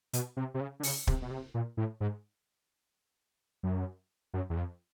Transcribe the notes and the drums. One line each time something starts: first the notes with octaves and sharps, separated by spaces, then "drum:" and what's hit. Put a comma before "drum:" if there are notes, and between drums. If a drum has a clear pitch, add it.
B2, drum: hi-hat
C3
C3
C#3
D3
C#3, drum: open hi-hat
C3, drum: kick
B2
C3
A#2
A2
G#2
F#2
F#2
E2
F2